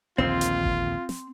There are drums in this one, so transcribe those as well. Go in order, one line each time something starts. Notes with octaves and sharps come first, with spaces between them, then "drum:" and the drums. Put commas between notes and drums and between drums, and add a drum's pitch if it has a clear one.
A#1 D#2 D3 C4 F4
drum: hi-hat
drum: kick G#1
drum: snare